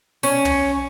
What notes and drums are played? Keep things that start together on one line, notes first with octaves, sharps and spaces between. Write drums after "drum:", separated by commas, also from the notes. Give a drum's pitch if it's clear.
C#4, drum: open hi-hat
drum: tom